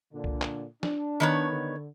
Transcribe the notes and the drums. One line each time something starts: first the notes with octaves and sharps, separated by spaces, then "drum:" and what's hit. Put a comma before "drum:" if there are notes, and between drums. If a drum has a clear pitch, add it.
A#2 D3 D4
drum: kick C2
drum: clap
D4, drum: snare
D#3 B3 C#5
D3